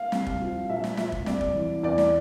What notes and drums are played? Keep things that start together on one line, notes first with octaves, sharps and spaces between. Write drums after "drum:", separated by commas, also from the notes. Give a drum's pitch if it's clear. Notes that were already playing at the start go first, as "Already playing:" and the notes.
Already playing: F5
C2, drum: snare
drum: kick
F3
A#1 E5
drum: snare
F3 E5, drum: snare
drum: kick
C2 D5, drum: snare
drum: kick
E3
E2 D5
drum: snare